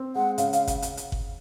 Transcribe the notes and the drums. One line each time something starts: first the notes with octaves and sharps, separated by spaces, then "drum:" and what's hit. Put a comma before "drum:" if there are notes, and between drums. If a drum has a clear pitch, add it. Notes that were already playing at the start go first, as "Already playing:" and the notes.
Already playing: C4
G#3 F#5
C#3 F5, drum: hi-hat
F5, drum: hi-hat
drum: kick G1, hi-hat
drum: hi-hat
drum: hi-hat
drum: kick G1